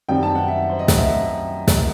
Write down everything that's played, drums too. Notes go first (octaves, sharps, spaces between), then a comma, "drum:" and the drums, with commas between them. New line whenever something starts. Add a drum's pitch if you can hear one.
F#2 D#3 G3 C4 G5
A5
F#5
E5
C5
D#5
drum: snare
E5
drum: snare